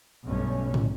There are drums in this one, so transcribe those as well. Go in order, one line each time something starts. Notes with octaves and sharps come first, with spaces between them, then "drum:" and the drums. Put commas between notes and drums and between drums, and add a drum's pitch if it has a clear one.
B1 G2 B2 G3 A3 C#4
drum: tom